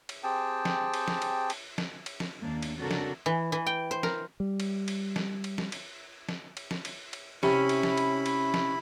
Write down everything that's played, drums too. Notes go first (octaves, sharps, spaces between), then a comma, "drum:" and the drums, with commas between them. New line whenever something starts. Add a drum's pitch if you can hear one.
drum: cymbal
C4 G4 G#4 G5 A5
drum: snare
drum: cymbal
drum: snare
drum: cymbal
drum: cymbal
drum: snare
drum: cymbal
drum: snare
D#2 A#3 D4
drum: cymbal
C#3 C4 D4 F#4 A4 A#4
drum: snare
E3
E3
G5
C5
A#4, drum: snare
G3
drum: cymbal
drum: cymbal
drum: snare
drum: cymbal
drum: snare
drum: cymbal
drum: snare
drum: cymbal
drum: snare
drum: cymbal
drum: cymbal
C3 C#4 E4 B5, drum: snare
drum: cymbal
drum: snare
drum: cymbal
drum: cymbal
drum: snare